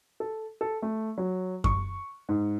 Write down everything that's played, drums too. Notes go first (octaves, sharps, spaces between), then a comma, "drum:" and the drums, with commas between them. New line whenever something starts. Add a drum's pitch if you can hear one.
A4
A4
A3
F#3
C#6, drum: kick F#2
G#2